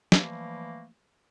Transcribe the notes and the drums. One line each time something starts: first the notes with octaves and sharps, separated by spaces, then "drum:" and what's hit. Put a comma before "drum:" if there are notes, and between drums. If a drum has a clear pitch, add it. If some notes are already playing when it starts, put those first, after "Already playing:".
E3 F3 G3 A3 A#3, drum: snare